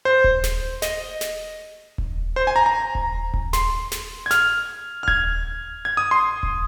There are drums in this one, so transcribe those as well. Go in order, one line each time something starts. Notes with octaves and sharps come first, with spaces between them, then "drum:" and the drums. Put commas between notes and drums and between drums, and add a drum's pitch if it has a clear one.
C5
drum: kick D#1
drum: snare
D#5, drum: snare
drum: snare
drum: kick D#1
C5
G#5
A#5
A#5
drum: kick D#1
drum: kick D#1
C6, drum: snare
drum: snare
G#6
F6, drum: snare
F6
G#6, drum: kick D#1
G#6
D#6
C6
drum: kick D#1